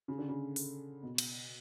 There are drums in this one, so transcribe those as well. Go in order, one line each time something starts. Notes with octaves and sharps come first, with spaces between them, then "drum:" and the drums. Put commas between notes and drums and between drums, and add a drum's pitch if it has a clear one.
C#3
D3
C#3
drum: open hi-hat
B2
drum: cymbal